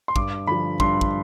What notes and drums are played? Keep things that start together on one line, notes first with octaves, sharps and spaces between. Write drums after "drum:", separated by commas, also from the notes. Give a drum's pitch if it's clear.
C6
G2 D6, drum: kick
D3 F3 B5
G2 C6, drum: kick
drum: kick